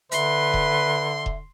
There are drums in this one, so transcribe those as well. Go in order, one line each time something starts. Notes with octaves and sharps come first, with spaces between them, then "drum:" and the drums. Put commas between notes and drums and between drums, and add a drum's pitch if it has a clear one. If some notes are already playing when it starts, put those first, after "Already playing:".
D3 B4 E5 C6, drum: hi-hat
drum: kick E1
drum: kick E1